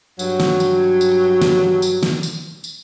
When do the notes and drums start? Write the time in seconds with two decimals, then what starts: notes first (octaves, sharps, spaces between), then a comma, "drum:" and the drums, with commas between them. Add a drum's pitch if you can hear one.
0.19 G2 F#3, drum: tambourine
0.40 drum: snare
0.60 drum: tambourine
1.01 drum: tambourine
1.42 drum: snare
1.82 drum: tambourine
2.03 drum: snare
2.23 drum: tambourine
2.64 drum: tambourine